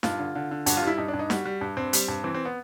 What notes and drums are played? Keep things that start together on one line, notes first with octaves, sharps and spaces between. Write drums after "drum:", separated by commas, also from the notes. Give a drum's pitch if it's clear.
G2 F4, drum: snare
D3
D3
D3
G2 F#4, drum: hi-hat
F4
G3 E4
G2 D#4
D4
G2
D#4
G3 F#4, drum: snare
G3
G2
G2 C4
G3, drum: hi-hat
G2
E3 C4
C4
B3